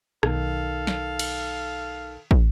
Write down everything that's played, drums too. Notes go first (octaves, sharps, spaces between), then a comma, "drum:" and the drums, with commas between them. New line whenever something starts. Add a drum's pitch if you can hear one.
B1 D#3 A4 F5, drum: rim click
drum: snare
drum: cymbal
drum: kick